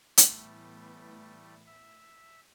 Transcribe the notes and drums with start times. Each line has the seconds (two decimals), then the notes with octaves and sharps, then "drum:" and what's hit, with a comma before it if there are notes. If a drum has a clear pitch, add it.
0.17 A2 E3 G3 A3 B3, drum: hi-hat
1.66 E5